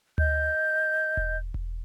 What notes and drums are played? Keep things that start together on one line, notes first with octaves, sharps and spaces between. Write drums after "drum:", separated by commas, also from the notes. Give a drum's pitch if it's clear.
D#5 G6, drum: tom D2
drum: kick E1
drum: kick E1